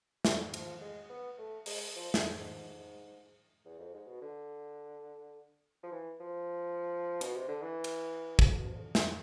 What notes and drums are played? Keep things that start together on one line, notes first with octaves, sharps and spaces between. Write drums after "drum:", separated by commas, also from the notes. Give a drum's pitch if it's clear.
D3, drum: snare
F3, drum: cymbal
G#3
B3
A3
G#3, drum: open hi-hat
F3
A2, drum: snare
G#2
E2
F2
G#2
B2
D3
F3
E3
F3
B2, drum: hi-hat
C3
D3
E3
drum: cymbal
G#2, drum: kick
A2
B2
C3
D3
C3, drum: snare